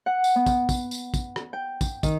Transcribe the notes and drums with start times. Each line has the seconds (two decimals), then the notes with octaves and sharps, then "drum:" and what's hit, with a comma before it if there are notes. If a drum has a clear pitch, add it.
0.06 F#5
0.24 drum: tambourine
0.36 B3
0.46 drum: kick, tambourine
0.69 drum: kick, tambourine
0.91 drum: tambourine
1.14 drum: kick, tambourine
1.36 drum: rim click
1.53 G5
1.81 drum: kick, tambourine
2.03 D#3, drum: kick, tambourine